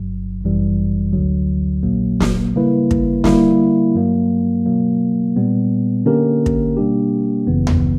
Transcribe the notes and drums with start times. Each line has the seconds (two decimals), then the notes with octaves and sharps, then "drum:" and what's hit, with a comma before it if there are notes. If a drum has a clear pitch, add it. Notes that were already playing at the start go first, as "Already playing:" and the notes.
Already playing: G1 G2 F#3
0.42 G1 F#2 E3 G3
1.13 D2 D3 F#3
1.83 A#1 A#2 F#3 A#3
2.20 drum: snare
2.55 C#3 G3 A#3 E4 B4
2.91 drum: kick
3.24 D3 G3 A#3 E4, drum: snare
3.95 G2 F#3 A#3
4.66 B2 F#3 A#3
5.36 A#2 G3 B3
6.06 D3 A#3 C#4 G4 A#4
6.46 drum: kick
6.77 B2 G3 A#3 D4 G4
7.47 G1 F#2 C#3 E3 B3
7.67 drum: tom D#2